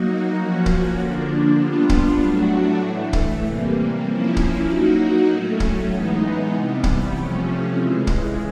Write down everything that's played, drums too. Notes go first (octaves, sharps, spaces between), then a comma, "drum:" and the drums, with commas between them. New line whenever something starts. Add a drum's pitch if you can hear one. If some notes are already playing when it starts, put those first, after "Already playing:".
Already playing: F#3 A#3 D#4 F#4
F3 A#3 C#4 F#4
drum: kick
D3 F3 A#3 D4
G3 B3 D4 F4
drum: kick
A2 F#3 A3 D4 F#4
A2 E3 A3
drum: kick
C3 E3 G3 A#3
F3 A#3 C#4 E4
drum: kick
F#3 A#3 D#4 F#4
A2 F#3 A3 C#4
drum: kick
E3 G#3 B3 D#4
C3 E3 G3 B3
drum: kick
C3 F3 A3 C#4
C#3 E3 G#3
drum: kick